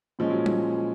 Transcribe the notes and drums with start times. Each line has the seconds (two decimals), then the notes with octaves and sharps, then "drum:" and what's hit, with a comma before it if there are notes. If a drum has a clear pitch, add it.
0.19 A#2 F3 G#3 C#4
0.30 F#3
0.46 drum: tom G3